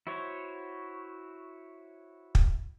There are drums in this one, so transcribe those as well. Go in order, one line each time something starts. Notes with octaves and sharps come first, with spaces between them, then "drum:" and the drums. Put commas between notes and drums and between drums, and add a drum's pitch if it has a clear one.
E4 F#4 C5 C#5
drum: kick